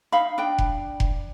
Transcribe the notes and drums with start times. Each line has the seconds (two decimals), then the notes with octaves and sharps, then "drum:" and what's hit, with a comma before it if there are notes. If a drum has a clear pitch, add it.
0.12 D#4 E5 F5 B5
0.38 D4 G5
0.58 drum: kick F1
1.00 drum: kick F1